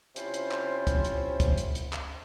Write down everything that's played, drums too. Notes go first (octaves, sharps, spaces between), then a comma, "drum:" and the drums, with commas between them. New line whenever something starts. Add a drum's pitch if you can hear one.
C3 C#4 E4 F4 C5, drum: hi-hat
drum: hi-hat
drum: clap
drum: kick, hi-hat
drum: hi-hat
drum: kick, hi-hat
drum: hi-hat
drum: hi-hat
drum: clap